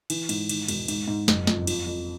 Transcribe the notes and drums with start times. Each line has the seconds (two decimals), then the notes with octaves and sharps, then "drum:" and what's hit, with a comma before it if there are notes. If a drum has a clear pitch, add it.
0.10 E3, drum: cymbal
0.29 G#2, drum: cymbal
0.49 D#3, drum: cymbal
0.68 E1, drum: cymbal
0.88 G#2, drum: cymbal
1.08 G#2
1.28 F#1, drum: snare
1.47 F2, drum: snare
1.67 F3, drum: cymbal
1.86 F2